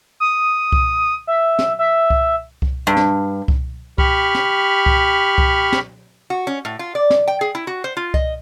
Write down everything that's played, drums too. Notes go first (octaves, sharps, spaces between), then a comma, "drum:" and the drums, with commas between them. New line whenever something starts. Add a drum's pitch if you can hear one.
D#6
drum: kick C2
E5
drum: snare
E5
drum: kick C2
drum: kick C2
G2
drum: snare
drum: kick C2
G4 B5 C#6 F6, drum: kick C2
drum: snare
drum: kick C2
drum: kick C2
drum: snare
F#4
C#4
A2
F4
D5
drum: snare
G5
G#4
E4
F#4
C5
F4
D#5, drum: kick C2